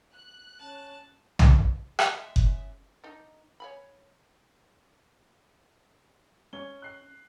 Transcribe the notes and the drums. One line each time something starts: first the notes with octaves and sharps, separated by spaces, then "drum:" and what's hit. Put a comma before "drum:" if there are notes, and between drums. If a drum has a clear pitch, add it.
F#6
C#4 A5
drum: tom B1
G#3 E5, drum: rim click
C#4, drum: kick F#1
D4 D#4
C#5 G#5 B5
C#4 G7
F#6 C7